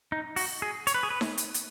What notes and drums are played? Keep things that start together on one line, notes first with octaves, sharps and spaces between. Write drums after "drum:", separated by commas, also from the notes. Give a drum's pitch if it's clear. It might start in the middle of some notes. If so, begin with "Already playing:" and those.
D#4
F#4, drum: open hi-hat
G#4
C#5, drum: hi-hat
B4
G#4
B4
drum: snare D#4
drum: hi-hat
drum: hi-hat